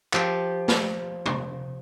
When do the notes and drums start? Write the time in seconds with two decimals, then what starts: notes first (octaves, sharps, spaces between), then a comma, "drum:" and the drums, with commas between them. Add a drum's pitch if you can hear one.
0.13 F3 G4, drum: clap
0.68 drum: snare
1.26 drum: tom